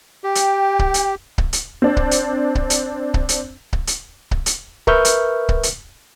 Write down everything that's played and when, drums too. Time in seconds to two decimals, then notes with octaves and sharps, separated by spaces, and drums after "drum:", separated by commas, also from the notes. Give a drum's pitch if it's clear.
0.24 G4 G5
0.35 drum: hi-hat
0.79 drum: kick C#1
0.94 drum: hi-hat
1.38 drum: kick C#1
1.53 drum: hi-hat
1.82 C4 D4
1.97 drum: kick C#1
2.11 drum: hi-hat
2.55 drum: kick C#1
2.70 drum: hi-hat
3.14 drum: kick C#1
3.29 drum: hi-hat
3.73 drum: kick C#1
3.87 drum: hi-hat
4.31 drum: kick C#1
4.46 drum: hi-hat
4.87 A#4 B4 E5 C#6 F6 G6, drum: kick C#1
5.05 drum: hi-hat
5.49 drum: kick C#1
5.63 drum: hi-hat